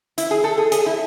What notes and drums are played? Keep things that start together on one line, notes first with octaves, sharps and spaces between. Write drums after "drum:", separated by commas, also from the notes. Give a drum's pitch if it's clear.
E4, drum: hi-hat
G#4
A4
G#4
G#4, drum: hi-hat
E4